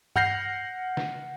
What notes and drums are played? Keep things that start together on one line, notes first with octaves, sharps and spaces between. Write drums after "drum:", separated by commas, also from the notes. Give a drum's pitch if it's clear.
F#5 F6 G6 A#6 C7, drum: tom G2
drum: snare